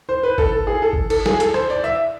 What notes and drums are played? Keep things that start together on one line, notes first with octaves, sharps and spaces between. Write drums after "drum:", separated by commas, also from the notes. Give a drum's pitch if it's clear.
C5
B4
A4, drum: kick G#1
A4
G#4
A4
drum: kick G#1
A4, drum: cymbal
G#4, drum: snare
A4, drum: hi-hat
C5, drum: rim click
D5
E5